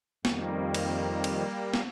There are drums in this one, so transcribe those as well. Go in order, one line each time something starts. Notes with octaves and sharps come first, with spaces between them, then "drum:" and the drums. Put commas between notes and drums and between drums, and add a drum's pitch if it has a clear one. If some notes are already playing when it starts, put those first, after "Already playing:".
F2 D#3 G3 A#3, drum: snare
drum: cymbal
drum: cymbal
drum: snare